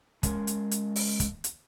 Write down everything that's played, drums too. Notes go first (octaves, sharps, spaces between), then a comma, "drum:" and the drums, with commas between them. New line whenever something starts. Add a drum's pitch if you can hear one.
G#3 C#4 A#4, drum: kick, hi-hat
drum: hi-hat
drum: hi-hat
drum: open hi-hat
drum: kick, hi-hat
drum: hi-hat